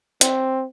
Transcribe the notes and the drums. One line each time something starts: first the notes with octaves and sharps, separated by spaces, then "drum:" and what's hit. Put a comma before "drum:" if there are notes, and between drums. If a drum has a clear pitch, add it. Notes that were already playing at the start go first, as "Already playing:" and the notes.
C4, drum: hi-hat